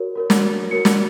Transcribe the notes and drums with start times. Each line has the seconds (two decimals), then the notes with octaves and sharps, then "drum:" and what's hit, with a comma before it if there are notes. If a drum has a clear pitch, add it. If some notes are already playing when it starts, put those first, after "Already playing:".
Already playing: F#4 A#4 C#5
0.15 F#4 A#4 C#5
0.30 drum: snare
0.71 F#4 A#4 C#5 C#7
0.85 drum: snare